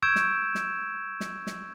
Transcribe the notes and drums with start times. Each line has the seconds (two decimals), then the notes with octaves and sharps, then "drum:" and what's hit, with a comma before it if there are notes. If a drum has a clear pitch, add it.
0.02 C#6 E6 G6 G#6 D7 E7
0.16 drum: snare
0.55 drum: snare
1.20 drum: snare
1.47 drum: snare